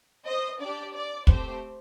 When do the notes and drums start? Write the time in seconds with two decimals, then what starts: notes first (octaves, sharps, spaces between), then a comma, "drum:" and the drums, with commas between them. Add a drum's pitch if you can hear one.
0.25 C5 D#5
0.60 D4 G4 D5
0.94 D5
1.27 A3 C4 G4 C5, drum: kick